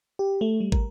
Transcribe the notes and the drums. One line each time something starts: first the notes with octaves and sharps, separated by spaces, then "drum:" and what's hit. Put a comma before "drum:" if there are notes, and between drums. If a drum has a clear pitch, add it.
G4
A3
G3
A#4, drum: kick